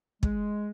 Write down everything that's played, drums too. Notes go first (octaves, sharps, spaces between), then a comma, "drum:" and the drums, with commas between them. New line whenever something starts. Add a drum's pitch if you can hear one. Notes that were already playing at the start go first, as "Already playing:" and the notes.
G#3, drum: kick